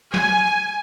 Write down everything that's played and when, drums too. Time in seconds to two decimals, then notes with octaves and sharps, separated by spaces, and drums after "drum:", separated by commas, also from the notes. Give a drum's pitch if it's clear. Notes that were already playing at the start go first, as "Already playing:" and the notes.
0.14 G#5, drum: snare